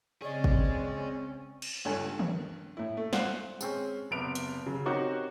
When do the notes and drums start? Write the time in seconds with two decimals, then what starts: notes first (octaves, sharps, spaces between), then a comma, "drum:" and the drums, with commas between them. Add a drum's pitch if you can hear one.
0.22 C#3 C4 C#4 G#4 D5 D#5
0.44 drum: kick
1.62 drum: cymbal
1.85 C#2 G2 C#4 A4 G#5
2.19 drum: tom D#3
2.77 A2 E4
2.97 A3
3.13 C5 D5 F5 F#5, drum: snare
3.61 G#3 C4 C#4, drum: tambourine
4.11 F#1 C3 B3 D7 F7
4.35 drum: hi-hat
4.66 C#3 F#3
4.86 C4 D#4 F#4 G4 A#4 C#5